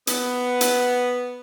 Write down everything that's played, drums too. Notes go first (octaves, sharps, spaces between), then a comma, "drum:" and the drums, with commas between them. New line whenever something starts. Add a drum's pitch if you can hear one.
B3, drum: hi-hat
drum: hi-hat